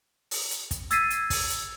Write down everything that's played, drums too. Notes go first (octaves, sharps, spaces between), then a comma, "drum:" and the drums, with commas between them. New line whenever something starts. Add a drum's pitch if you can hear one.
drum: open hi-hat
drum: hi-hat
drum: kick, hi-hat
E6 G#6 A6 B6 C7 D#7, drum: hi-hat
drum: hi-hat
drum: kick, open hi-hat
drum: hi-hat